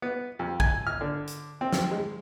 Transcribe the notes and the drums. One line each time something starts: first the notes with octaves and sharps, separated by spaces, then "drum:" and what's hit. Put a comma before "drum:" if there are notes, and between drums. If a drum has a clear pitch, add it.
B3
F2
G#5, drum: kick
F6
D3
drum: hi-hat
C4
drum: snare
G#3